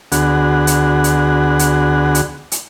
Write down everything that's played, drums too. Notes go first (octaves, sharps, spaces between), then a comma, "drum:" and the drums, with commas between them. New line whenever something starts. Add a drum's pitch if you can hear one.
D2 D3 B3 F#4 G#4 F#5, drum: hi-hat
drum: hi-hat
drum: hi-hat
drum: hi-hat
drum: hi-hat
drum: hi-hat